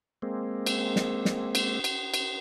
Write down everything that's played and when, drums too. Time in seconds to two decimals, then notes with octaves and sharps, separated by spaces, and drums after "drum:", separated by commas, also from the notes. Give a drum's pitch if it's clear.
0.22 G#3 A#3 C4
0.66 drum: cymbal
0.96 drum: snare
1.25 drum: snare
1.55 drum: cymbal
1.84 drum: cymbal
2.14 drum: cymbal